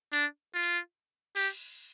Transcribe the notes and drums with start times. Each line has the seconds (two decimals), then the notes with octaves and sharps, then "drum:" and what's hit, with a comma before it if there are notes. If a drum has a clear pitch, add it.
0.13 D4, drum: hi-hat
0.54 F4
0.63 drum: hi-hat
1.36 G4, drum: cymbal